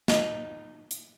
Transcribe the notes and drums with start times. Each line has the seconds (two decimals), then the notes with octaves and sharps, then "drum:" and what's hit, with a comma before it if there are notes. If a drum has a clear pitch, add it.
0.08 D#4, drum: snare
0.91 drum: hi-hat